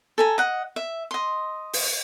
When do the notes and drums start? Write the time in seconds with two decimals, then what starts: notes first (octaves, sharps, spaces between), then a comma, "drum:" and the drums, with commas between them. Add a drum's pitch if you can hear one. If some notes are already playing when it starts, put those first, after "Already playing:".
0.18 A4 G#5 A#5
0.38 D#5 F#5
0.76 E5
1.11 D#5 C6
1.73 drum: open hi-hat